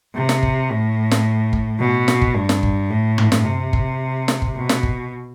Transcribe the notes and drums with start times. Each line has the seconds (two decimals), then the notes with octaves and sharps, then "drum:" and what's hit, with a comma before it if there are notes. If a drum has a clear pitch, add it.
0.15 C3
0.29 drum: snare
0.43 drum: kick G1
0.70 A2
1.11 drum: snare
1.53 drum: kick G1
1.80 B2
2.08 drum: snare
2.22 drum: kick G1
2.35 G2
2.49 drum: snare
2.63 drum: kick G1
2.90 A2
3.18 drum: tom
3.32 drum: snare
3.45 C3
3.73 drum: kick G1
4.28 drum: snare
4.42 drum: kick G1
4.55 B2
4.69 drum: snare
4.83 drum: kick G1